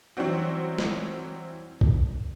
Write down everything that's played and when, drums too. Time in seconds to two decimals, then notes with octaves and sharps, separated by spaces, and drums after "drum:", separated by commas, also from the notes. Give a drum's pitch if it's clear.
0.17 E3 F#3 G3 C4 F#4
0.79 drum: snare
1.81 drum: kick B1